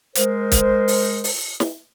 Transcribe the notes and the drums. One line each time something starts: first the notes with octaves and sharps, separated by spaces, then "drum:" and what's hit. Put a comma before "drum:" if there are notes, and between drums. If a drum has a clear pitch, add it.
G#3 A#4 C5, drum: hi-hat
drum: kick, hi-hat
drum: open hi-hat
drum: open hi-hat
drum: snare